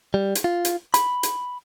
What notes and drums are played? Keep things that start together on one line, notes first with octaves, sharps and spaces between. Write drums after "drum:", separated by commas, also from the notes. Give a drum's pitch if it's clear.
G3
drum: hi-hat
F4
drum: hi-hat
B5, drum: hi-hat
drum: hi-hat